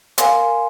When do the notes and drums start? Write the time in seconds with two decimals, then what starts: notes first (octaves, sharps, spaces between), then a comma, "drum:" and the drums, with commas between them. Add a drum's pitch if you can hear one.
0.18 A#4 F5 G#5 C6, drum: hi-hat